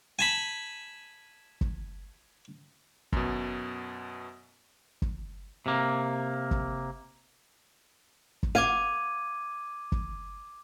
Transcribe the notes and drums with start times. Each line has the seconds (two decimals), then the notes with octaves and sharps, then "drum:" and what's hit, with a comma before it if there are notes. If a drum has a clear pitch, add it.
0.19 G#5 A5 B5
1.61 drum: kick G1
3.12 F#2 B2, drum: kick G1
5.02 drum: kick G1
5.66 C3 A#3
6.51 drum: kick G1
8.43 drum: kick G1
8.55 F5 D6 G#6 D#7
9.92 drum: kick G1